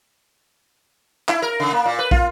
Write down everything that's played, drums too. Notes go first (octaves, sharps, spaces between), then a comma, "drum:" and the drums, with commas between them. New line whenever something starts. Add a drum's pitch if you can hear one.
E4, drum: clap
A#4
C#3
A#3
A#2
B4
F4, drum: kick